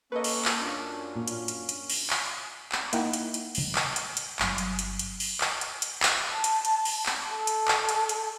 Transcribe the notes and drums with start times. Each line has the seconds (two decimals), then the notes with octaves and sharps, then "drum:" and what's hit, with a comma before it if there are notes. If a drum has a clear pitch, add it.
0.12 A#3 C#4 A4 B4 D#5 C#6
0.24 drum: open hi-hat
0.45 drum: clap
0.62 F#2 C#4 D4 F4
1.16 A#2
1.28 drum: hi-hat
1.48 drum: hi-hat
1.69 drum: hi-hat
1.90 drum: open hi-hat
2.10 drum: clap
2.72 drum: clap
2.93 A#3 D#4 E4 F#5 G5 A#5, drum: hi-hat
3.13 drum: hi-hat
3.34 drum: hi-hat
3.55 drum: open hi-hat
3.75 drum: clap
3.96 drum: hi-hat
4.17 drum: hi-hat
4.39 G1 F#3, drum: clap
4.58 drum: hi-hat
4.79 drum: hi-hat
4.99 drum: hi-hat
5.20 drum: open hi-hat
5.41 drum: clap
5.61 drum: hi-hat
5.82 drum: hi-hat
6.03 drum: clap
6.32 A5
6.44 drum: hi-hat
6.65 drum: hi-hat
6.85 drum: open hi-hat
7.06 drum: clap
7.32 A4
7.47 drum: hi-hat
7.68 drum: clap
7.89 drum: hi-hat
8.09 drum: hi-hat